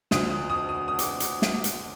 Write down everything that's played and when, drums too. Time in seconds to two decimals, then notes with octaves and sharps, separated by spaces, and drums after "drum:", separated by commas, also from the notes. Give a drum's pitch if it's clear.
0.11 D2 D3 F3 D#6, drum: snare
0.30 D#6
0.50 D#6
0.69 D#6
0.88 D#6
0.99 D6, drum: hi-hat
1.20 drum: hi-hat
1.42 drum: snare
1.64 drum: hi-hat